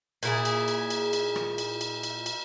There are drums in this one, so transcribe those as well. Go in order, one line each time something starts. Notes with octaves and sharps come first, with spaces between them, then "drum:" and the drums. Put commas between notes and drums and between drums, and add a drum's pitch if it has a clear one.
A#2 E4 G#4, drum: cymbal
drum: cymbal
drum: cymbal
drum: cymbal
drum: cymbal
drum: rim click
drum: cymbal
drum: cymbal
drum: cymbal
drum: cymbal